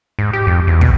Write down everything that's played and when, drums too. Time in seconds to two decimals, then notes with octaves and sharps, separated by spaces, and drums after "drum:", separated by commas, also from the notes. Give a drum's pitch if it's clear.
0.19 G#2
0.33 G4
0.47 F2
0.67 E2
0.81 B2, drum: kick